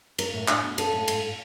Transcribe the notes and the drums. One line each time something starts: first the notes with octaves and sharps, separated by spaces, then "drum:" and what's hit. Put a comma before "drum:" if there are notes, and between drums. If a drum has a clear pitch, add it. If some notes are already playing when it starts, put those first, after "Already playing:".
C#4 A#4, drum: cymbal
A2
D4, drum: clap
B2
C#4 A4, drum: cymbal
A2
G#2, drum: cymbal